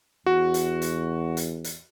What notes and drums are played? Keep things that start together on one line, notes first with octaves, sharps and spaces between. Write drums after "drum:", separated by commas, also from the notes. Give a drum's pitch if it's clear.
E2 F#4
drum: hi-hat
drum: hi-hat
drum: hi-hat
drum: hi-hat